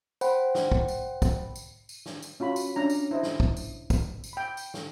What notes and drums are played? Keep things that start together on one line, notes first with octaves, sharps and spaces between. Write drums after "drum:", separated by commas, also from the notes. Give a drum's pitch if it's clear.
C5 F#5 G5 B5, drum: tambourine
drum: snare
drum: kick
drum: tambourine
drum: kick, tambourine
drum: tambourine
drum: tambourine
drum: snare
drum: tambourine
C#4 F4 F#4 B5
drum: tambourine
C#4 D4 A#5
drum: tambourine
E4 C5 D#5
drum: snare
drum: kick
drum: tambourine
drum: kick, tambourine
drum: tambourine
G5 B5
drum: tambourine
drum: snare